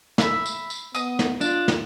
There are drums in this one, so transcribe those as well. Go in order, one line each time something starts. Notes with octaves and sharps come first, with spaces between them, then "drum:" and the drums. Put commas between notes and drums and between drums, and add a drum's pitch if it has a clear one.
E5 B5, drum: snare
drum: tambourine
drum: tambourine
B3 D#5 D#6, drum: tambourine
drum: snare
D4 F4, drum: tambourine
drum: snare